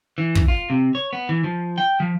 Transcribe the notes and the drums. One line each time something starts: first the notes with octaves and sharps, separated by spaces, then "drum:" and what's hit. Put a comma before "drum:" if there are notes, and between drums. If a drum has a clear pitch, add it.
E3
drum: kick
F4
C3
C#5
B3
E3
F3
G5
F3